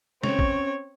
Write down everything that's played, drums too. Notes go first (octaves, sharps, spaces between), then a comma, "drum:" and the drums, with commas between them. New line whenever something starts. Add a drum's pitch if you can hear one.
C4 C#4 C#5, drum: snare
drum: kick